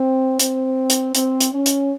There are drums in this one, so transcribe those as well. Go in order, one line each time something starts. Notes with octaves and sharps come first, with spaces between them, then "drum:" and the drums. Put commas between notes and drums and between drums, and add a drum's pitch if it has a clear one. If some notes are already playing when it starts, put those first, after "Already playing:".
Already playing: C4
C4, drum: hi-hat
drum: hi-hat
C4, drum: hi-hat
drum: hi-hat
C#4
drum: hi-hat